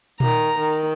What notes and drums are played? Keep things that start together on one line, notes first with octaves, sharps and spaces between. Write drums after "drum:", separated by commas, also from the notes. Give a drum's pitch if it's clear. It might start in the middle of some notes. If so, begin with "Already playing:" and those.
D#3 A#5, drum: tom A#2
D#3